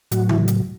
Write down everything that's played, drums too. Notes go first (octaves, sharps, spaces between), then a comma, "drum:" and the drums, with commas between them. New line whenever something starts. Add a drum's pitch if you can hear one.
A2 F#3 F#4, drum: hi-hat
E3 E4, drum: tom C#3
drum: hi-hat